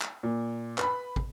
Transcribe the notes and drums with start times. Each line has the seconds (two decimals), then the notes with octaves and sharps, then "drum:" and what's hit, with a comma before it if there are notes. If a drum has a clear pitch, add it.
0.01 drum: clap
0.23 A#2
0.78 B4 B5, drum: clap
1.16 drum: kick